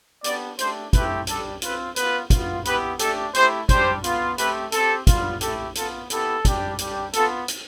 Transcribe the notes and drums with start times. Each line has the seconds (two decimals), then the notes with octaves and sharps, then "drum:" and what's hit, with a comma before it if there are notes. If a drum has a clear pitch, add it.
0.24 B3 D4 G4 D5, drum: hi-hat
0.59 A3 D4 G4 C5, drum: hi-hat
0.93 A3 C4 E4 G4 B4, drum: kick, hi-hat
1.27 G3 D4 G4 A4, drum: hi-hat
1.62 C4 F4 B4, drum: hi-hat
1.96 B3 F4 B4, drum: hi-hat
2.30 B3 F4, drum: kick, hi-hat
2.65 B3 E4 G4 B4, drum: hi-hat
2.99 A3 D4 G4 A4, drum: hi-hat
3.34 A3 E4 G4 C5, drum: hi-hat
3.69 G3 D4 G4 C5, drum: kick, hi-hat
4.04 B3 F4, drum: hi-hat
4.38 A3 C4 G4 B4, drum: hi-hat
4.72 C4 G4 A4, drum: hi-hat
5.07 G3 B3 F4, drum: kick, hi-hat
5.41 A3 E4 G4 A4, drum: hi-hat
5.75 B3 F4 A4, drum: hi-hat
6.10 B3 E4 G4 A4, drum: hi-hat
6.45 G3 D4 G4, drum: kick, hi-hat
6.78 G3 D4 G4, drum: hi-hat
7.13 B3 F4 A4, drum: hi-hat
7.48 drum: hi-hat